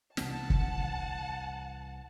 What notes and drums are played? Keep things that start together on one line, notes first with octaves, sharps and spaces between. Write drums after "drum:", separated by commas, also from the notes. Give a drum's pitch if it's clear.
C2 E3 F#5 A5, drum: snare
drum: kick